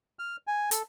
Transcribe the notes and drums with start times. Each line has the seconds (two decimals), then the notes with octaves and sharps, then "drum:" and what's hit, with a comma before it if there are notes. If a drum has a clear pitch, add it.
0.19 F6
0.47 G#5
0.71 A4, drum: hi-hat